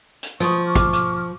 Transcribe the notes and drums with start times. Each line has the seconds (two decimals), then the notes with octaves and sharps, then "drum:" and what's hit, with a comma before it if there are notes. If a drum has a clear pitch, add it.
0.23 drum: hi-hat
0.40 F3 C#6 D#6, drum: rim click
0.66 C#6 D6 F6
0.76 drum: kick, hi-hat
0.93 drum: hi-hat